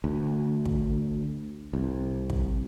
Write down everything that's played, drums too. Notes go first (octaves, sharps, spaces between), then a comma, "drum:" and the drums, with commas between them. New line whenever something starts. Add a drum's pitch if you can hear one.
D2
drum: kick
C2
drum: kick